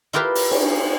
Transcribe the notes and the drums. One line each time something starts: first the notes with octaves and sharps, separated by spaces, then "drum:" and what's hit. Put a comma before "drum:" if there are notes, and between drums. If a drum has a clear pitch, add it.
E4 F4 G4 A#4 B4 F5
drum: open hi-hat
drum: cymbal